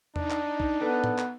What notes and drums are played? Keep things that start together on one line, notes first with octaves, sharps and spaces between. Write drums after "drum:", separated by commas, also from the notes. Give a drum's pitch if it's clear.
D4 D#4, drum: tom E2
drum: clap
drum: kick
B3 A4 B4 D5
drum: tom A2
drum: clap